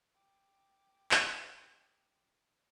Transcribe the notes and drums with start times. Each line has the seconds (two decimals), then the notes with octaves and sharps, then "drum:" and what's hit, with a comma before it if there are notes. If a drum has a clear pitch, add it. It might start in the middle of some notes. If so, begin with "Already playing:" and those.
0.14 G5 D6
1.11 drum: clap